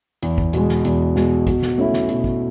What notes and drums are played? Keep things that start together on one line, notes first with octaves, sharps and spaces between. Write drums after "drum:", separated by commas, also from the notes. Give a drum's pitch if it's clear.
E2, drum: hi-hat
drum: kick A1
B2 G#3, drum: hi-hat
drum: snare
E2, drum: hi-hat
B2 G#3, drum: snare
B2, drum: kick A1, hi-hat
drum: snare
A3 C#4 E4
drum: snare
B2, drum: hi-hat
drum: kick A1